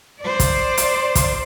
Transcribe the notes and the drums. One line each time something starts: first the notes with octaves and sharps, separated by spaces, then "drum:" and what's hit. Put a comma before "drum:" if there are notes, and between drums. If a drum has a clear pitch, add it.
C5 D5
drum: kick, hi-hat
drum: hi-hat
drum: kick, hi-hat